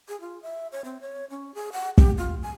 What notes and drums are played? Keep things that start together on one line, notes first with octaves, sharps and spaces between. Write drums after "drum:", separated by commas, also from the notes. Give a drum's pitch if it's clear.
G#4
F4
E5
C#5
C4
C#5
C#4
G#4
F#5
G4, drum: kick
F4
G#5